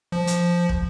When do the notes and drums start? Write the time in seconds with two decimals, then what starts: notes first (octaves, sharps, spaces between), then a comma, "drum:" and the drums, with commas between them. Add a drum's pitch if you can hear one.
0.12 F3
0.27 drum: hi-hat
0.69 drum: kick